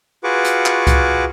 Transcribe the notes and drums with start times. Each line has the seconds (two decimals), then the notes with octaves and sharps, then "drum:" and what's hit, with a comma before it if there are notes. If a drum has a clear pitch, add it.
0.24 F4 F#4 G#4 B4 C#6 D6
0.45 drum: hi-hat
0.66 drum: clap
0.87 drum: kick C2, hi-hat